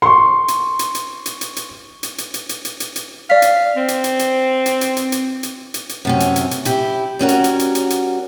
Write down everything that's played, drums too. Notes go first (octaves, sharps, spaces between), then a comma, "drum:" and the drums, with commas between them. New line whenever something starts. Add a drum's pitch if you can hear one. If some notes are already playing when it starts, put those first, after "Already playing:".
C6 C#6
drum: hi-hat
drum: hi-hat
drum: hi-hat
drum: hi-hat
drum: hi-hat
drum: hi-hat
drum: hi-hat
drum: hi-hat
drum: hi-hat
drum: hi-hat
drum: hi-hat
drum: hi-hat
drum: hi-hat
D5 F5 B6
drum: hi-hat
C4
drum: hi-hat
drum: hi-hat
drum: hi-hat
drum: hi-hat
drum: hi-hat
drum: hi-hat
drum: hi-hat
drum: hi-hat
drum: hi-hat
drum: hi-hat
F#2 C3 C#4
drum: hi-hat
drum: hi-hat
drum: hi-hat
E4 G4, drum: hi-hat
G3 C#4 F#4 A#4
drum: hi-hat
drum: hi-hat
drum: hi-hat
drum: hi-hat
drum: hi-hat